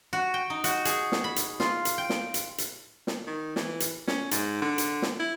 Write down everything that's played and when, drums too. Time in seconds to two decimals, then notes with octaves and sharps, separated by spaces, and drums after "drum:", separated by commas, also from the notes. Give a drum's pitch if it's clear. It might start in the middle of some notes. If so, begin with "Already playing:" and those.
0.13 F#4
0.34 G5
0.50 D#4
0.64 F#4, drum: hi-hat
0.85 G#4, drum: hi-hat
1.12 drum: snare
1.24 B5
1.36 drum: hi-hat
1.60 F4, drum: snare
1.85 drum: hi-hat
1.98 G5
2.10 drum: snare
2.34 drum: hi-hat
2.58 drum: hi-hat
3.07 drum: snare
3.27 D#3
3.56 E3, drum: snare
3.80 drum: hi-hat
4.07 C#4, drum: snare
4.31 G#2, drum: hi-hat
4.62 D3
4.78 drum: hi-hat
5.02 drum: snare
5.20 E4